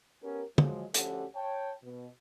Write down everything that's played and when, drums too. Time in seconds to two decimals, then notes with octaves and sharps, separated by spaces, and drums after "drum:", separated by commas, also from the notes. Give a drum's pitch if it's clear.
0.23 B3 C#4 G4 A#4
0.58 F3 F#3 G#3, drum: tom
0.94 D2 F3 C#4 G4 A4 F#5, drum: hi-hat
1.36 C#5 G5 A5
1.84 B2